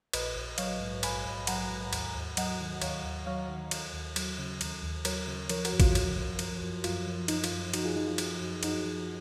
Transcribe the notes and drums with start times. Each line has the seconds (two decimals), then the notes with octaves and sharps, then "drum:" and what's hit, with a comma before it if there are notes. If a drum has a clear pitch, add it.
0.13 A#1 B4 D#5, drum: cymbal
0.35 A#1
0.58 F#3 C#5 F5, drum: cymbal
0.80 G#2
1.03 A#1 G#5 B5, drum: cymbal
1.26 A#1
1.47 F#3 F#5 A#5, drum: cymbal
1.70 G#2
1.93 D#2, drum: cymbal
2.15 D#2
2.37 F#3 D#5 F#5, drum: cymbal
2.60 D#3
2.82 D#2 C#5 F5, drum: cymbal
3.04 D#2
3.26 F#3 C#5 F5
3.49 D#3
3.71 D#2, drum: cymbal
3.94 D#2
4.16 F#3, drum: cymbal
4.38 C#3
4.61 D#2, drum: cymbal
4.83 D#2
5.05 F#3 A#4 C#5, drum: cymbal
5.28 C#3
5.49 F3 A#4 C#5, drum: cymbal
5.65 F#4 A#4, drum: cymbal
5.73 F#2
5.80 F4, drum: kick, cymbal
5.95 F#2, drum: cymbal
6.17 F3
6.39 F3, drum: cymbal
6.61 F#2
6.84 F#2 F4, drum: cymbal
7.07 F3
7.28 F3 D#4, drum: cymbal
7.44 F4, drum: cymbal
7.51 F#2
7.74 F#2 D#4 F#4, drum: cymbal
7.84 F4 G#4
7.96 F3 D#4
8.07 F4
8.18 F3 F4, drum: cymbal
8.41 F#2
8.63 F#2 D#4 F#4, drum: cymbal
8.85 F3